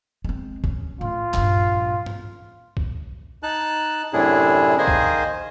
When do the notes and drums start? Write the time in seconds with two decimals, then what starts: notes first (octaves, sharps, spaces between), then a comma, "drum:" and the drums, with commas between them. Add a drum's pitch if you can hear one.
0.24 G#3 C4
0.64 C#4, drum: kick B1
1.01 A2 F4
1.34 A#1 G2, drum: clap
2.06 drum: tom G2
2.77 drum: kick B1
3.43 D#4 A5 F#6
4.13 F#2 A2 C3 D4 E4 G#4
4.78 D#3 A#3 G#4 C5 D#5 G#5
4.88 drum: kick B1